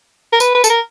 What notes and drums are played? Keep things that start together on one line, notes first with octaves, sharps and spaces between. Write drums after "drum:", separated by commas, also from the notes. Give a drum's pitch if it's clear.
A#4
B4, drum: tambourine
B4
A4, drum: tambourine
A#4